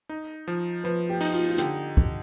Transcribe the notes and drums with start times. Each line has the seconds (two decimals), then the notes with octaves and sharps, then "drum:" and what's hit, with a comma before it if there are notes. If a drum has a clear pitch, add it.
0.09 D#4
0.48 F3
0.84 F3 B4
1.09 G4
1.21 D#4, drum: open hi-hat
1.34 F4
1.49 F4
1.58 D3 G4, drum: hi-hat
1.97 drum: kick